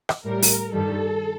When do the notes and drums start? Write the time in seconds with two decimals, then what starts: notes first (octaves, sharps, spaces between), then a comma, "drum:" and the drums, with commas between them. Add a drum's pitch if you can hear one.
0.09 drum: rim click
0.25 A2 G3 A#4
0.42 drum: open hi-hat
0.72 G2 D#3 G3 A4